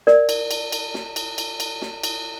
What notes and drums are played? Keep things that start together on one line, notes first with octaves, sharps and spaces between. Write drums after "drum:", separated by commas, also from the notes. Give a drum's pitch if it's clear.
A#4 D5, drum: snare
drum: cymbal
drum: cymbal
drum: cymbal
drum: snare
drum: cymbal
drum: cymbal
drum: cymbal
drum: snare
drum: cymbal